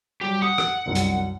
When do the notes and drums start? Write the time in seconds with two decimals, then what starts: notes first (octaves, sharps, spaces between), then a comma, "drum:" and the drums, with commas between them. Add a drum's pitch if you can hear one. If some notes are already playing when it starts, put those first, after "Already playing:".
0.21 F#3 G3 G4
0.42 F#5 D#6
0.58 drum: rim click
0.86 C2 F#2 D#3
0.95 drum: hi-hat